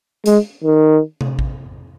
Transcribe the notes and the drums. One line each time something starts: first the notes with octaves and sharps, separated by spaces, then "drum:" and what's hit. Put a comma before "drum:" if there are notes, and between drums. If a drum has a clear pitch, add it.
G#3, drum: hi-hat
D#3
drum: tom C3
drum: kick A1